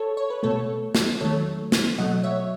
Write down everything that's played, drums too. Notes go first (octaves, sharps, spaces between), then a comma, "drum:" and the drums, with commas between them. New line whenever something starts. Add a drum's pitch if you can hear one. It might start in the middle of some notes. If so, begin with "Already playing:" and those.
Already playing: A4 C#5
C#5
B4
B2 A3 A4 C#5
drum: snare
E2 D#3 F#3 A3 A4 C#5
drum: snare
B2 F#3 A3 D#5 F#5
C#5 E5